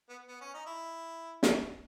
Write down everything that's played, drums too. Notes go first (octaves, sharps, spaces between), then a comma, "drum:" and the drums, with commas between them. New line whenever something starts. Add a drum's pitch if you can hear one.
B3
B3
C#4
D#4
E4
drum: snare